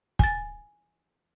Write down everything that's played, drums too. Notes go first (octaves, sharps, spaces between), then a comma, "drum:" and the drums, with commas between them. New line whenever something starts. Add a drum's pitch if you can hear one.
G#5 A6, drum: kick